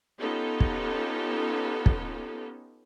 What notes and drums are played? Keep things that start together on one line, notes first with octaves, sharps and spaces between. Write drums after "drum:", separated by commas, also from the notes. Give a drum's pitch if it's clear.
B3 C#4 D#4 F4 G4 A4
drum: kick
drum: kick